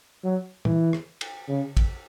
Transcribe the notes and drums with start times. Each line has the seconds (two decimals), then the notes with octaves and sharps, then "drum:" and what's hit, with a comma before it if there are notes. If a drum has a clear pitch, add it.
0.24 F#3
0.65 E3, drum: tom
0.93 drum: rim click
1.21 drum: cymbal
1.49 C#3
1.77 drum: kick, cymbal